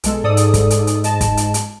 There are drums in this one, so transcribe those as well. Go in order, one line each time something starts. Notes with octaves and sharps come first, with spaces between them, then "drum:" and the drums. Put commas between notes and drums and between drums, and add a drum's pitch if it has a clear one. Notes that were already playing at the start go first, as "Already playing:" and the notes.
B1 G#3 A4, drum: hi-hat
G#2 A4 D5 D#6
drum: hi-hat
drum: kick, hi-hat
drum: hi-hat
drum: hi-hat
D#5 A5, drum: hi-hat
drum: kick, hi-hat
drum: hi-hat
drum: hi-hat